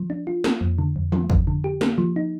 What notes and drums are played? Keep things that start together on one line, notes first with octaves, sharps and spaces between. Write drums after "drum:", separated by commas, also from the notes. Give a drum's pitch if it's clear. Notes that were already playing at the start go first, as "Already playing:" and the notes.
Already playing: F3
D4
F4
A#3, drum: snare
F2
D3
F2
F3, drum: tom
F2, drum: kick
D3
G4
A#3, drum: snare
F3
D#4